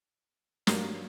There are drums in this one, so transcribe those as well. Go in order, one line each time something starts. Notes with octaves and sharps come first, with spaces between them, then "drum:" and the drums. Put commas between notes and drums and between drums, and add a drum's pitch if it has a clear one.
G2 F#3 A#3, drum: snare